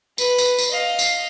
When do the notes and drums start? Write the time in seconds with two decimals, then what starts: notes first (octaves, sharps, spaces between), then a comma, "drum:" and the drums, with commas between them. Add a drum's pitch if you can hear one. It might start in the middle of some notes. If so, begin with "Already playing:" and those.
0.18 B4, drum: tambourine
0.38 drum: tambourine
0.58 drum: tambourine
0.72 D#5 F5
0.99 drum: tambourine